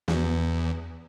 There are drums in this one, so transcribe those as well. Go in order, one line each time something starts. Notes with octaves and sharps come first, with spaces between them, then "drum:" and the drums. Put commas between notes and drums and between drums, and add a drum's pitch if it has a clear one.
E2, drum: snare